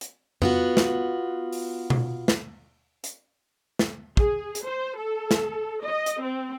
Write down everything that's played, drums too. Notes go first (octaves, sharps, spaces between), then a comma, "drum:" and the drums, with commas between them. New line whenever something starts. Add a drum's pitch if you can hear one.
drum: hi-hat
B3 F4 F#4, drum: tom F2
drum: snare
drum: open hi-hat
drum: tom B2
drum: snare
drum: hi-hat
drum: snare
G#4, drum: kick
drum: hi-hat
C5
A4
drum: snare
D#5
drum: hi-hat
C4